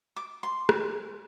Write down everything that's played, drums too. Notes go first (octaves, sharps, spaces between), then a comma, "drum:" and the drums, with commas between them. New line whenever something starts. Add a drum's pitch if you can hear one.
D6
C6
drum: rim click